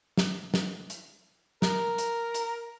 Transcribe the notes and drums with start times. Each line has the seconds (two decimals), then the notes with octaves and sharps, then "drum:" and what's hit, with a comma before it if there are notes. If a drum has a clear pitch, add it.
0.17 drum: snare
0.54 drum: snare
0.90 drum: hi-hat
1.62 A#4, drum: snare
1.98 drum: hi-hat
2.34 drum: hi-hat